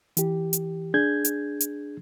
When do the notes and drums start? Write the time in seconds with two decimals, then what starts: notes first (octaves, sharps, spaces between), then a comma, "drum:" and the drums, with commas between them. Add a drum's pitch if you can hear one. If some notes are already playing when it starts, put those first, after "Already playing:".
0.17 E3 G4, drum: hi-hat
0.53 drum: hi-hat
0.94 D4 G#4 G6 G#6
1.25 drum: hi-hat
1.60 drum: hi-hat